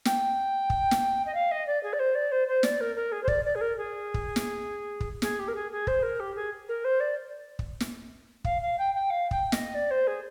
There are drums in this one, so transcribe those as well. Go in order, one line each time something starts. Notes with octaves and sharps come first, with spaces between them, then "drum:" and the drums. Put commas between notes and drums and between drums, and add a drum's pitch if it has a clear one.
G5, drum: snare
drum: kick
drum: snare
D#5
F5
D#5
D5
G#4
D5
C5
D5
C5
C5
D5, drum: snare
A#4
A#4
G#4
C5
D5, drum: kick
D5
G#4
A#4
G#4
drum: kick
drum: snare
drum: kick
G#4, drum: snare
G4
A#4
G#4
G#4
C5, drum: kick
A#4
G4
G#4
A#4
C5
D5
drum: kick
drum: snare
F5, drum: kick
F5
G5
G5
F5
G5, drum: kick
D#5, drum: snare
D5
C5
G#4